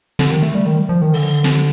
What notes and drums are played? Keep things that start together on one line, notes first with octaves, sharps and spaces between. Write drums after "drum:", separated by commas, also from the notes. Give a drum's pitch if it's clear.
D3, drum: snare
D#3
A3
G3
D#3
F3
D#3
D3, drum: open hi-hat
drum: snare